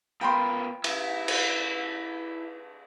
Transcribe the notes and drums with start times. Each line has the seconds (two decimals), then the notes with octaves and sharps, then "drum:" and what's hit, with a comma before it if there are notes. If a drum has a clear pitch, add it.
0.21 B3 F4 A#4 G5 B5 C6
0.84 E4, drum: cymbal
1.28 drum: cymbal